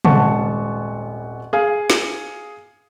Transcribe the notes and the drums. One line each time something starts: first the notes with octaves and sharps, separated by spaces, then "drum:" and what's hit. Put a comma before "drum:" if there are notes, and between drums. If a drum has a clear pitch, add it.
D#1 G#1 F#5 A5 C#6, drum: tom
G#4 F5
drum: snare